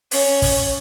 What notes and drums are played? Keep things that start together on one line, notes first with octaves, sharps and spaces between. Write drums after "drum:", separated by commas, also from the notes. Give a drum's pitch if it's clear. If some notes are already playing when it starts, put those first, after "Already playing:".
C#4, drum: open hi-hat
drum: kick, open hi-hat